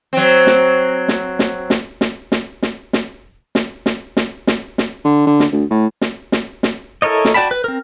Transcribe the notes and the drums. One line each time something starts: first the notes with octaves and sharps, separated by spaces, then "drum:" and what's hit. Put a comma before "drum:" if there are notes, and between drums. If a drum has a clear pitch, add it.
F#3 C4
drum: snare
drum: snare
drum: snare
drum: snare
drum: snare
drum: snare
drum: snare
drum: snare
drum: snare
drum: snare
drum: snare
drum: snare
drum: snare
D3
D3
drum: snare
D2
A2
drum: snare
drum: snare
drum: snare
E4 A4 A#4 C#5 D#5
drum: snare
F#4 D5 G5 A5 B5
B4
C4 A#4